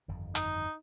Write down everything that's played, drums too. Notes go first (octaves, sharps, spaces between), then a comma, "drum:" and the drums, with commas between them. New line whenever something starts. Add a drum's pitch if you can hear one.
G1 F2 D#3
D#4, drum: hi-hat